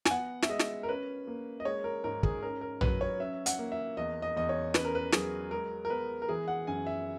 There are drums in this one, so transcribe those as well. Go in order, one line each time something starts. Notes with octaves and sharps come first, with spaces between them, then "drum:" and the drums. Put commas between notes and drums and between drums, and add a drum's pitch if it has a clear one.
G#5, drum: snare
B3 F#5
E5, drum: snare
G#3 D#5
drum: snare
A#4
C#4 B4
A#3
D#5
G#3 C#5
A#4
G#2 A#4
G#4, drum: kick
C#4 A#4
A#4
F#3 B4, drum: tom A#1
C#5
C#4 E5
F#5, drum: hi-hat
A#3
E5
E2 D#5
D#5
E2 D#5
C#5
C#4 B4, drum: snare
A#4
B4
F#3 G#4, drum: snare
G#3 A#4
A#4
B3 B4
A#4
E3 G#4
F#5
F#2 G#5
E5